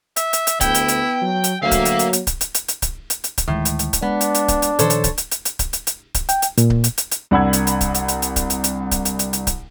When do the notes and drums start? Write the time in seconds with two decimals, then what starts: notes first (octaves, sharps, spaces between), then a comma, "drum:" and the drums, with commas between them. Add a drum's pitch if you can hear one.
0.16 E5, drum: hi-hat
0.33 drum: hi-hat
0.47 drum: hi-hat
0.61 D2 B3 E4 G5, drum: kick C#1, hi-hat
0.75 drum: hi-hat
0.88 drum: hi-hat
1.22 F#3
1.44 drum: hi-hat
1.62 D2 F#3 A#3 E5 F5
1.72 drum: kick C#1, hi-hat
1.85 drum: hi-hat
1.99 drum: hi-hat
2.13 drum: hi-hat
2.27 drum: kick C#1, hi-hat
2.41 drum: hi-hat
2.55 drum: hi-hat
2.68 drum: hi-hat
2.82 drum: kick C#1, hi-hat
3.10 drum: hi-hat
3.24 drum: hi-hat
3.38 drum: kick C#1, hi-hat
3.48 D2 A2 D#3 G#3
3.65 drum: hi-hat
3.79 drum: hi-hat
3.93 drum: kick C#1, hi-hat
4.02 G#3 B3 D4
4.21 drum: hi-hat
4.35 drum: hi-hat
4.48 drum: kick C#1, hi-hat
4.62 drum: hi-hat
4.79 A#2 D#3 F3 A4 C5 C#5, drum: hi-hat
4.90 drum: hi-hat
5.04 drum: kick C#1, hi-hat
5.18 drum: hi-hat
5.32 drum: hi-hat
5.45 drum: hi-hat
5.59 drum: kick C#1, hi-hat
5.73 drum: hi-hat
5.87 drum: hi-hat
6.15 drum: kick C#1, hi-hat
6.29 G5, drum: hi-hat
6.42 drum: hi-hat
6.58 A#2, drum: hi-hat
6.70 drum: kick C#1
6.84 drum: hi-hat
6.98 drum: hi-hat
7.12 drum: hi-hat
7.31 C2 D4 F#5 B5 E6 G#6
7.53 drum: hi-hat
7.67 drum: hi-hat
7.81 drum: kick C#1, hi-hat
7.95 drum: hi-hat
8.08 drum: hi-hat
8.22 drum: hi-hat
8.36 drum: kick C#1, hi-hat
8.50 drum: hi-hat
8.64 drum: hi-hat
8.92 drum: kick C#1, hi-hat
9.05 drum: hi-hat
9.19 drum: hi-hat
9.33 drum: hi-hat
9.47 drum: kick C#1, hi-hat